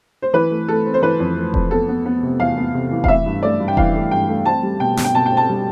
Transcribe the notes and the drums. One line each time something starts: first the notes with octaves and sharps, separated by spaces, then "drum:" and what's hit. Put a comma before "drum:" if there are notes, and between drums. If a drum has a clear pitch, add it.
C5
E3 B4
A3
A3 A4
C4
C5
E3 B4
F2
A3
F2, drum: kick E1
B3 A4
B3
B3
C3
E2 F5
B3
C3
E3
F5, drum: kick E1
E3 E5
G2
A3 D5
G2
G5
E3 F5, drum: kick E1
A3
G2 G5
A3
C4 A5
G3
B2 G5
B2, drum: snare
G5
B2 A5
G5
C4
A5
G3